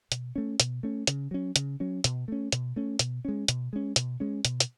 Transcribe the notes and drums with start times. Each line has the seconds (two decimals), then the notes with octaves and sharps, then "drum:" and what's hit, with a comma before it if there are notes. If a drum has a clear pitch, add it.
0.12 B2, drum: hi-hat
0.36 A3 C#4
0.60 B2, drum: hi-hat
0.83 A3 C#4
1.07 C#3, drum: hi-hat
1.31 F#3 C#4
1.56 C#3, drum: hi-hat
1.80 F#3 C#4
2.04 B2, drum: hi-hat
2.28 A3 C#4
2.52 B2, drum: hi-hat
2.76 A3 C#4
2.99 B2, drum: hi-hat
3.25 G#3 C#4
3.48 B2, drum: hi-hat
3.73 G#3 C#4
3.96 B2, drum: hi-hat
4.20 G#3 C#4
4.45 B2, drum: hi-hat
4.60 drum: hi-hat